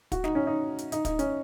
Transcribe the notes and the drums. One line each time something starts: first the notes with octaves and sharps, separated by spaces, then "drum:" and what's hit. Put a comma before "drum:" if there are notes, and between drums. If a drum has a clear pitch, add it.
F#4, drum: kick, hi-hat
D#4, drum: snare
C#4
D#4
drum: hi-hat
D#4, drum: hi-hat
D#4, drum: kick, hi-hat
C#4, drum: hi-hat